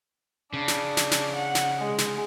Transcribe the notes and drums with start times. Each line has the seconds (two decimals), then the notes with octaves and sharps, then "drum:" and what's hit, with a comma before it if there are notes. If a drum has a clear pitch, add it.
0.53 C#3 D4
0.68 drum: snare
0.97 drum: snare
1.11 drum: snare
1.35 F#5
1.55 drum: snare
1.79 G#3
1.98 drum: snare